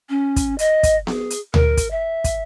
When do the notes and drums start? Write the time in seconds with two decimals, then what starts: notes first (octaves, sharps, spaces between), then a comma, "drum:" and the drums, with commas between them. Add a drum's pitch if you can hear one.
0.09 C#4
0.36 drum: kick, hi-hat
0.59 D#5, drum: hi-hat
0.83 drum: kick, hi-hat
1.07 G#4, drum: snare B3
1.30 drum: hi-hat
1.54 A#4, drum: tom D2
1.77 drum: kick, hi-hat
1.91 E5
2.24 drum: kick, hi-hat